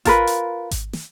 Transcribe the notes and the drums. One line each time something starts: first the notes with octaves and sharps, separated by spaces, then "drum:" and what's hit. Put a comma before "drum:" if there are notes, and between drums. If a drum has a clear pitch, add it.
F4 A#4 B4, drum: kick G#1, hi-hat
drum: hi-hat
drum: kick G#1, hi-hat
drum: snare